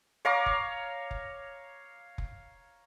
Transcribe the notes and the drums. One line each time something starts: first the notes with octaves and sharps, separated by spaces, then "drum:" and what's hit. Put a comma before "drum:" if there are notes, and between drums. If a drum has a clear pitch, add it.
C#5 F5 A#5 D6
drum: kick F1
drum: kick F1
drum: kick F1